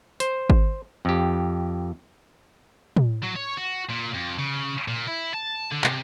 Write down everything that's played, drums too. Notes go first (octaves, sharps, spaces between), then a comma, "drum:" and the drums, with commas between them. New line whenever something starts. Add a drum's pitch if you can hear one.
C5, drum: hi-hat
drum: kick G#1
F2 G4
drum: tom
F#3
C#5
F#4
A#2
F2
C#3
A#2
E4
A5
D3
C3, drum: clap